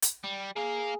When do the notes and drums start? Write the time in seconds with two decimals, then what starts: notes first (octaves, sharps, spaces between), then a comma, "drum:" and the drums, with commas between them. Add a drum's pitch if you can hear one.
0.02 drum: hi-hat
0.24 G3
0.56 A#3 G#4 F5